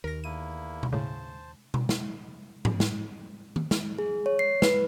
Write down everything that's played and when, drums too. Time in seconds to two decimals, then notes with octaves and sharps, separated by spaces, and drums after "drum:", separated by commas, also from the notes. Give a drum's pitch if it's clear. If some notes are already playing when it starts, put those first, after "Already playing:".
0.04 D#2 B2 A#4 A#6
0.24 E2 A#3 E4 D#7
0.83 drum: tom B2
0.93 A2 C#3 C5 A5
1.74 drum: tom B2
1.89 drum: snare
2.65 drum: tom G#2
2.80 drum: snare
3.56 drum: tom D#3
3.71 drum: snare
3.99 G#4
4.26 C#5
4.39 C7
4.62 B4, drum: snare